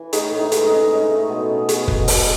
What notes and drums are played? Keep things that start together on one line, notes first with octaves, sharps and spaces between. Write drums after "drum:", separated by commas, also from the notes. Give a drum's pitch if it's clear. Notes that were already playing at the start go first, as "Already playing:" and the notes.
Already playing: E3
A2 D#4, drum: hi-hat
A2
D#4
G#3, drum: hi-hat
D#4
C#4
C#4 D#4
A3
B2
C#4
B3, drum: hi-hat
B2, drum: kick
B2, drum: open hi-hat